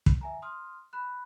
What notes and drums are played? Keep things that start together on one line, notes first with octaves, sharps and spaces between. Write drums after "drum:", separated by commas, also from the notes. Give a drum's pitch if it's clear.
drum: kick
E5 G#5 A#5
C6 D#6 F6
B5 F#6